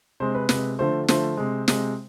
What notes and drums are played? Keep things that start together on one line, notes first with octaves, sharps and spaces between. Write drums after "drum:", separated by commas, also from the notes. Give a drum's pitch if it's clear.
C3 G#3 C5
B4
C3 G#3 B4, drum: snare
D3 F3 A3 C5
D3 F3 A3 C5, drum: snare
C3 G#3
C3 G#3, drum: snare